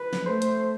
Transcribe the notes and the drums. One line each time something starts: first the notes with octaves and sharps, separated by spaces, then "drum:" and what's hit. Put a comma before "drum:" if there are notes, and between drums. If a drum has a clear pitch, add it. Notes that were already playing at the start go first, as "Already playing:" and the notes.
Already playing: B4
drum: snare
A3 C5
drum: hi-hat